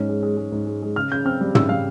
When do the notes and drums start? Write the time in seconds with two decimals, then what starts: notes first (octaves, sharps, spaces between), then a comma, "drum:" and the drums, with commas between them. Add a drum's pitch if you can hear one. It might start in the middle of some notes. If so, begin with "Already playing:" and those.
Already playing: G#2 C#4
0.09 G#3
0.23 G#3
0.37 G#3
0.52 G#2
0.67 G#3
0.82 G#3
0.96 C#3 F6
1.12 C#3 G6
1.25 C4 F6
1.41 G3
1.55 C#3 E6, drum: tom
1.69 G3 F5